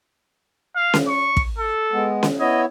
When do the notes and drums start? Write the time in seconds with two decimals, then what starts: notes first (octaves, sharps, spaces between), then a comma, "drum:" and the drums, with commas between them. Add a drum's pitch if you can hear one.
0.76 F5
0.94 drum: snare C#4
1.08 C#6
1.37 drum: kick
1.58 A4
1.93 G#3 B3
2.23 drum: snare C#4
2.39 B3 E4 C#5 D#5